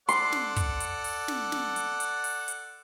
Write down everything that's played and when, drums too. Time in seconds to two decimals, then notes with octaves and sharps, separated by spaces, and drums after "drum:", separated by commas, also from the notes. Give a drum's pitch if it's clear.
0.09 A4 D5 F#5 C6, drum: hi-hat
0.32 drum: snare
0.56 drum: kick, hi-hat
0.80 drum: hi-hat
1.04 drum: open hi-hat
1.28 drum: snare
1.52 drum: snare
1.76 drum: hi-hat
2.00 drum: hi-hat
2.24 drum: open hi-hat
2.48 drum: hi-hat